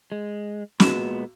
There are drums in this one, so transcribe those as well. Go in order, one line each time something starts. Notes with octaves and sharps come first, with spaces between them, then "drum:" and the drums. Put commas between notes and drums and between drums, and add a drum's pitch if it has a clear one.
G#3
A#2 G#3 B3 F#4 E7, drum: snare